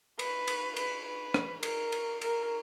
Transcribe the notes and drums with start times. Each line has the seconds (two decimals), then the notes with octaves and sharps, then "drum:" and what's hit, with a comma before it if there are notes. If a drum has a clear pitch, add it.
0.19 B4, drum: cymbal
0.48 drum: cymbal
0.76 B4, drum: cymbal
1.06 B4
1.34 drum: rim click
1.63 A#4, drum: cymbal
1.92 drum: cymbal
2.21 A#4, drum: cymbal